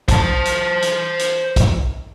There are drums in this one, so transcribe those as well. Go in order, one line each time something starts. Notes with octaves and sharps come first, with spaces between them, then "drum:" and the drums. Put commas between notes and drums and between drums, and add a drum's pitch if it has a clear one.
C5 A5, drum: kick, hi-hat
drum: hi-hat
drum: hi-hat
drum: hi-hat
drum: kick, hi-hat